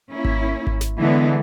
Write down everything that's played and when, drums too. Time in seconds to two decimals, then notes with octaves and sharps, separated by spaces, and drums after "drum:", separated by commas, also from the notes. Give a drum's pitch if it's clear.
0.11 A#3 C#4 E4
0.25 drum: kick G#1
0.67 drum: kick G#1
0.81 drum: snare
1.01 D3 E3 G#3 B3